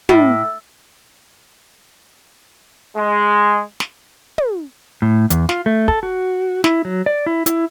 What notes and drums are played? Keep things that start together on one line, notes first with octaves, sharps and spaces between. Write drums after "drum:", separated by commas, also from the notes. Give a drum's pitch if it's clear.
A2, drum: tom
G#3
drum: snare
drum: tom
A2
E2, drum: hi-hat
F4, drum: snare
A3
A4, drum: kick
F#4
E4, drum: snare
F#3
D5
E4
E4, drum: hi-hat